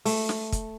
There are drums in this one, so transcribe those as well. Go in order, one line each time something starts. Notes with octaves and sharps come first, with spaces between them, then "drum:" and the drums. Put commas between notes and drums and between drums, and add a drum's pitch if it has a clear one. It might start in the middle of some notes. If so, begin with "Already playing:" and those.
A3, drum: open hi-hat
drum: snare
drum: kick, hi-hat